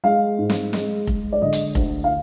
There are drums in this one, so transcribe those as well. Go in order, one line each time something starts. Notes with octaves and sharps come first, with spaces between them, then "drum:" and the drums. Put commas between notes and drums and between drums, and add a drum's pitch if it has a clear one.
G#3 F5
G#2
drum: snare
G#3, drum: snare
G#3, drum: kick F1
D5
D3 D#5
drum: hi-hat
D2, drum: kick F1
F5